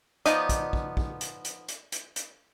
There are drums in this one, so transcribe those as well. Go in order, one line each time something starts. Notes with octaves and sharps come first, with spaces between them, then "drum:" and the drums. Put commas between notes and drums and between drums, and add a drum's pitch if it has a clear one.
F3 B3 D#4 D5 D#5, drum: hi-hat
drum: kick, hi-hat
drum: kick
drum: kick
drum: hi-hat
drum: hi-hat
drum: hi-hat
drum: hi-hat
drum: hi-hat